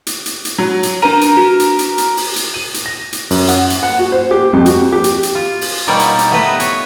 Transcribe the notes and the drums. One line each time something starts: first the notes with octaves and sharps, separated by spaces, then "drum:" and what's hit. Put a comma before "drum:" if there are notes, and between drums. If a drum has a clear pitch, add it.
drum: hi-hat
drum: hi-hat
drum: hi-hat
F#3
drum: hi-hat
D4 A#4 B4 D#7
drum: hi-hat
F#4
drum: hi-hat
drum: hi-hat
drum: hi-hat
drum: open hi-hat
drum: hi-hat
D#7
drum: hi-hat
A#6
drum: hi-hat
F#2, drum: open hi-hat
F#5, drum: hi-hat
drum: hi-hat
F#5
F#4
C5
G4
F2
F#4, drum: hi-hat
G4
drum: hi-hat
drum: hi-hat
F4
drum: open hi-hat
B2 G3 A#3 D#4 C#5 D5
drum: hi-hat
drum: hi-hat
A3 B3 B4 D#5
C#5, drum: hi-hat